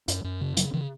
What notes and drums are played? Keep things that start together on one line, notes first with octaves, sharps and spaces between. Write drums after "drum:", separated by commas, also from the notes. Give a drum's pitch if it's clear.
F#2, drum: hi-hat
F#2
C#3
C#3 F#3, drum: hi-hat
C#3 E3